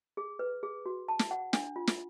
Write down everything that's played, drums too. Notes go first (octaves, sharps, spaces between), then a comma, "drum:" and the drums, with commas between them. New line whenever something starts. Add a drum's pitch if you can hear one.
G#4
B4
G#4
F#4
A5
drum: snare
F#5
D4, drum: snare
F4
drum: snare